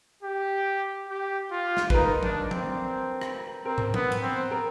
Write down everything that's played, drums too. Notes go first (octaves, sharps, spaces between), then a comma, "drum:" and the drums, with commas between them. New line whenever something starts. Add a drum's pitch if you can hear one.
G4
G4
F4
drum: snare
B4, drum: kick
D#4 A#4
D4, drum: tom
C4, drum: tom
drum: rim click
C4 A#4
drum: tom
B3, drum: tom
drum: cymbal
C4
A#4